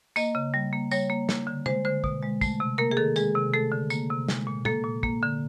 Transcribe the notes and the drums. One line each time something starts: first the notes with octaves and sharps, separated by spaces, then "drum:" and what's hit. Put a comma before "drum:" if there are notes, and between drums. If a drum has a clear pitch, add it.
A#3 D#5, drum: tambourine
C#3
G3
A#3
G3 C#5, drum: tambourine
A#3
A#3, drum: snare
D3
G#3 C5, drum: tom
D3 C5
B2, drum: kick
G#3
A3, drum: kick, tambourine
C3
A#3 A#4
G#4
D#3 A4
G#3 G#4, drum: tambourine
C3
A3 A4
D3
A#3, drum: tambourine
C3
G#3, drum: snare
A#2
A#3 A4, drum: tom
A#2
A#3, drum: kick
D3